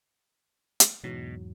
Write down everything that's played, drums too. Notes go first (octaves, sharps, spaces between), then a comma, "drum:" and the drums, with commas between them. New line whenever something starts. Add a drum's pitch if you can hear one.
drum: hi-hat
E2 G#2 B2 F#3